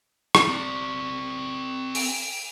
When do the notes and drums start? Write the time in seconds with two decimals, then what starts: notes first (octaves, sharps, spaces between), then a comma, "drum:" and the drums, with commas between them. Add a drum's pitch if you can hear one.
0.35 drum: rim click
0.49 C4 D5
1.95 drum: open hi-hat